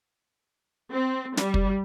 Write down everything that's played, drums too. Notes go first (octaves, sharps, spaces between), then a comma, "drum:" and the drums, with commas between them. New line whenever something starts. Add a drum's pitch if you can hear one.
C4
G3, drum: snare
drum: kick